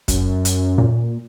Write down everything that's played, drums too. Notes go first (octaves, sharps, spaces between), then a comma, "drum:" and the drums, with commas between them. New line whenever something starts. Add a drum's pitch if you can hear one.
F#2, drum: kick, hi-hat
drum: hi-hat
A#2